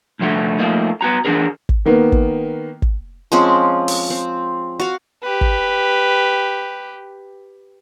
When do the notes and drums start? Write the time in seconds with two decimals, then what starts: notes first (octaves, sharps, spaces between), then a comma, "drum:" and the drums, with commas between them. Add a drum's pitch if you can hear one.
0.19 C2 F2 D3 A3 F#4
0.59 F3 A3 A#3 D#4
1.01 B3 F#4 A#5
1.25 E3 D4 F#4 G#4 A#4
1.69 drum: kick
1.86 D#3 A#3 B3
2.12 drum: kick
2.82 drum: kick
3.32 F3 G#3 C4 C#4
3.88 drum: open hi-hat
4.10 C4
4.80 F#4 F5
5.23 G4 B4
5.41 drum: kick